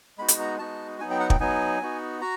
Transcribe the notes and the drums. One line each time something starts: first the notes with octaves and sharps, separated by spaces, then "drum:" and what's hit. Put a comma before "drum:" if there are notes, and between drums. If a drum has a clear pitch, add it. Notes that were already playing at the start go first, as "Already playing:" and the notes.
G#3 B3 D#4 F#4 B5
drum: hi-hat
A#5
G#3 B3 D#4 F#4 A5
F#3 B3 D#4 G#5
G5
F#5
G5, drum: kick
F#3 B3 D#4 G#5
B3 D#4 F#4
F#4 A#5